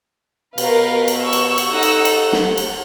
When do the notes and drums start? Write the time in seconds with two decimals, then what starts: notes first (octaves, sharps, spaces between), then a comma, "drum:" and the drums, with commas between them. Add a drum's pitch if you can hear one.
0.58 B2 A#4 B4 F5, drum: cymbal
1.08 drum: cymbal
1.19 C#6 E6
1.33 drum: cymbal
1.58 drum: cymbal
1.73 D#4 A4 F#5 E6
1.83 drum: cymbal
2.05 F#5, drum: cymbal
2.33 drum: snare
2.57 drum: cymbal